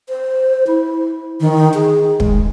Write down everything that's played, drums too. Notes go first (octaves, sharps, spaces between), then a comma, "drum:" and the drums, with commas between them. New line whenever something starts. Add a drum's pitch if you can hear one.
C5
E4
D#3
G#4
G#3, drum: kick